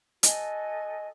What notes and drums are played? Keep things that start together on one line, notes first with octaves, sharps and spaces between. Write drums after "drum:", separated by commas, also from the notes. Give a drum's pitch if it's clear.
F#4 A4 D#5 G#5, drum: hi-hat